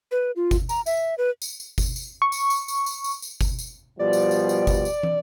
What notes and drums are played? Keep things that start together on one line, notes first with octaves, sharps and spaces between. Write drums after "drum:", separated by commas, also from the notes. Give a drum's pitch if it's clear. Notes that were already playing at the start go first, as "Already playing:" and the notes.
B4
F4
drum: kick G1, tambourine
A#5, drum: tambourine
E5, drum: tambourine
B4
drum: tambourine
drum: tambourine
drum: kick G1, tambourine
drum: tambourine
C#6
drum: tambourine
drum: tambourine
drum: tambourine
drum: tambourine
drum: tambourine
drum: tambourine
drum: kick G1, tambourine
drum: tambourine
B2 F3 G3 D5
drum: tambourine
drum: tambourine
drum: tambourine
drum: kick G1, tambourine
drum: tambourine
drum: tom